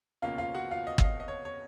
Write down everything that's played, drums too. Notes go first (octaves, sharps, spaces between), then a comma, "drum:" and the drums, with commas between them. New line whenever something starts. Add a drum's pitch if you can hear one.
C#2 B2 A#3 C#4 F4 F5
F4 F5
F#4 F#5
F4 F5
D#5
F5, drum: kick G1
D#5
D#5
C#5
C#5